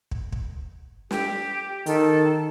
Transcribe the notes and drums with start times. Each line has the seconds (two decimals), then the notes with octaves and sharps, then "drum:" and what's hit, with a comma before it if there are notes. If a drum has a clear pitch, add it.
0.11 drum: kick
0.32 drum: kick
1.11 G4, drum: snare
1.86 D#3 A4, drum: hi-hat